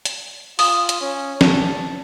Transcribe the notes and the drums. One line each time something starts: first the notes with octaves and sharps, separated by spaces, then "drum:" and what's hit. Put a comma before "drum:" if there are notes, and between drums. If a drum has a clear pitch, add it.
drum: hi-hat
F4 D#6, drum: open hi-hat
drum: hi-hat
C#4
A5, drum: snare